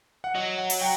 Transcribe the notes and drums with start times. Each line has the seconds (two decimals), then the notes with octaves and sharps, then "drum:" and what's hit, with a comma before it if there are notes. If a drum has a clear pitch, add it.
0.24 F#5
0.35 F#3 D#5
0.58 F#5
0.70 drum: open hi-hat
0.81 G5